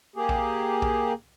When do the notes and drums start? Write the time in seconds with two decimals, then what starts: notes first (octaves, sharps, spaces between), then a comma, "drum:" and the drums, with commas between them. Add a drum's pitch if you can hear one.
0.16 A#3 G4 G#4
0.29 drum: kick A#1
0.82 drum: kick A#1